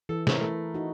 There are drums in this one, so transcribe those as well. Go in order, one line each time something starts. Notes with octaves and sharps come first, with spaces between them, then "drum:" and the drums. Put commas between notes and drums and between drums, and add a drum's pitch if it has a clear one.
E3 A4
G#3 E4 A#4 C5 C#5, drum: snare
A3
D#4 F#4